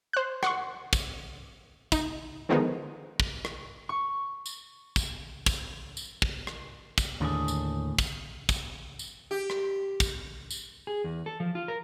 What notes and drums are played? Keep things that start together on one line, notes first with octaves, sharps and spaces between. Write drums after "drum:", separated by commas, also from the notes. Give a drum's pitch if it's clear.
C5 F#6
F#5 C6 C#6, drum: rim click
drum: kick, tambourine
D#4, drum: kick, tambourine
D3 D#3 F3 G#3 B3 D#4
drum: kick
drum: rim click
C#6
drum: tambourine
drum: kick, tambourine
drum: kick, tambourine
drum: tambourine
drum: kick
drum: rim click
drum: kick, tambourine
D#2 A2 D3 G#4
drum: tambourine
drum: kick, tambourine
drum: kick, tambourine
drum: tambourine
G4
drum: rim click
drum: kick, tambourine
drum: tambourine
G#4
E2
A4
F3
F4
A#4